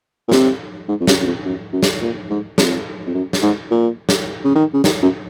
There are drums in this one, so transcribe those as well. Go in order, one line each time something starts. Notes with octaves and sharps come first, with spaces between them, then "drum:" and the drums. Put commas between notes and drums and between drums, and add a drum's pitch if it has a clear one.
A#2
C3, drum: snare
G#2
F2
F#2, drum: snare
F#2
F2
F#2
F#2
drum: snare
A#2
G#2
F2, drum: snare
F2
F#2
drum: snare
G#2
A#2
drum: snare
C#3
D#3
C#3
D#3, drum: snare
F#2